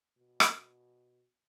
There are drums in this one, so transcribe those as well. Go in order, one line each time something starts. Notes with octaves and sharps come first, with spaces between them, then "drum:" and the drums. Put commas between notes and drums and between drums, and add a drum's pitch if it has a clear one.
B2
drum: rim click